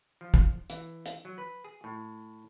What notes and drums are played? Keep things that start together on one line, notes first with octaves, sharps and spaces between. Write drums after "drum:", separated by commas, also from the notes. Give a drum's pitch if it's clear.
F3
drum: kick
E3, drum: hi-hat
drum: hi-hat
F#3
B4
G#4
A2